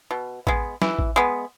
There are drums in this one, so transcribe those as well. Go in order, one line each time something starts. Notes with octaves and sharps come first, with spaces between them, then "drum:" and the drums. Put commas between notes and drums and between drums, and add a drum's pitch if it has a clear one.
B2
G#3 B3, drum: kick A1
E3, drum: snare
drum: kick A1
G#3 B3